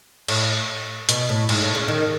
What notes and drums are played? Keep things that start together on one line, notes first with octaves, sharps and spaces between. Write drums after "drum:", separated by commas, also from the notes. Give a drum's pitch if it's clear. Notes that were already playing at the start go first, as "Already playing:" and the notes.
A2, drum: cymbal
B2, drum: hi-hat
A2
G#2, drum: cymbal
A2
C#3
D#3